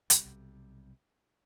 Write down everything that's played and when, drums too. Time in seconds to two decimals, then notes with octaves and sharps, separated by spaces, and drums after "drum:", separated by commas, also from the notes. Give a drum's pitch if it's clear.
0.10 B1 C3 G3, drum: hi-hat